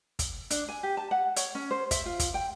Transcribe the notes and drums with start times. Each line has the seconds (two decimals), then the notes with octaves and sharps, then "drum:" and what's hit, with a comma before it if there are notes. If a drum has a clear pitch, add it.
0.19 drum: kick, hi-hat
0.50 D4, drum: hi-hat
0.69 G#5
0.83 G4
0.97 A5
1.11 F#5
1.36 C#5, drum: hi-hat
1.55 C#4
1.71 C5
1.91 E5, drum: kick, hi-hat
2.06 F4
2.19 drum: kick, hi-hat
2.34 G5